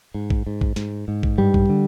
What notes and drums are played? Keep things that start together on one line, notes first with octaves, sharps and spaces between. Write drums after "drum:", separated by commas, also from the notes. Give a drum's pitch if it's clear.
G#2
drum: kick A1
G#2
drum: kick A1
G#2, drum: snare
G#2
drum: kick A1
G2 G3
drum: kick A1
D3